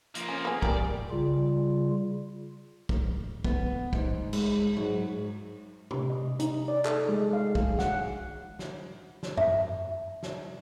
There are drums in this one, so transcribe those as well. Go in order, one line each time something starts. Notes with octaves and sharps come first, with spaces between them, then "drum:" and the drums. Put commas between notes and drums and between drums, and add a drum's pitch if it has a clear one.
F3 A#3, drum: hi-hat
C#4
B3 G#4
G4 A#4 D5, drum: kick
C#3 G3 F4
drum: kick
B3, drum: kick
G#2, drum: kick
G#3, drum: cymbal
G#2 F#3
C3, drum: tom
D#5
D#4, drum: hi-hat
D5
A4, drum: clap
G#3
F5
G#4, drum: kick
F#5, drum: snare
drum: snare
drum: snare
E5, drum: tom F#2
drum: snare